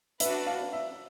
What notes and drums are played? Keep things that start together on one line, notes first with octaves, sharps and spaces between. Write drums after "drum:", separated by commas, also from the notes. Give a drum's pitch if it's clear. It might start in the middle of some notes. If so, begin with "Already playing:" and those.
D4 F#4 B4 E5, drum: hi-hat
F5
E5